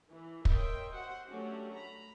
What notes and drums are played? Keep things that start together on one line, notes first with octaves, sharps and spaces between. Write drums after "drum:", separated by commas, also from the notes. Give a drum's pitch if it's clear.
E3
A#4 C#5 D#5 E5 G5 C6, drum: kick
F#4 C5 F#5
F#3 A3 C#4 D4 F#4 G4
A#5 B5